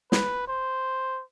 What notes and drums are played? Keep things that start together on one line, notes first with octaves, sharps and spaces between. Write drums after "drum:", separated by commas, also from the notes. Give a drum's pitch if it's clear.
B4, drum: snare
C5